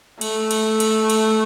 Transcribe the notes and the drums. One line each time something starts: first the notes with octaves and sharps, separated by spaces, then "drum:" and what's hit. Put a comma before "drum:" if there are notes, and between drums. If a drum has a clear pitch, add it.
A3, drum: cymbal
drum: cymbal
drum: cymbal
drum: cymbal